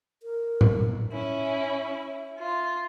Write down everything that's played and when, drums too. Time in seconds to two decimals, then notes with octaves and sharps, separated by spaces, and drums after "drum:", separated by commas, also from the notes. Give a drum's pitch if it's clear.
0.23 A#4
0.61 drum: tom A2
1.12 C#4 E4 E5
2.38 F4